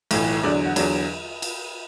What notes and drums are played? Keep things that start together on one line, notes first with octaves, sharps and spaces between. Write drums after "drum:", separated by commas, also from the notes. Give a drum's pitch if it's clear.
B1 A2 E3, drum: cymbal
E2 D3 F#3 D5
F#4
E2 D3 F#3 D4, drum: cymbal
drum: cymbal